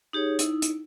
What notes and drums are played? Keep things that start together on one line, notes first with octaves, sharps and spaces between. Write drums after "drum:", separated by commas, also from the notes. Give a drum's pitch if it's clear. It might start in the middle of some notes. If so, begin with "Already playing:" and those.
D#4 G4 G#4 C#5
D#4 E4, drum: hi-hat
drum: hi-hat